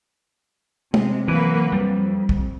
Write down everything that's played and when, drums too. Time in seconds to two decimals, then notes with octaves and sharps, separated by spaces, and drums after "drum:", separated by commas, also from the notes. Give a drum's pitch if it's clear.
0.94 C3 G#3, drum: tom
1.28 E3 F#3 A#3 B4
1.72 F2 G3
2.29 drum: kick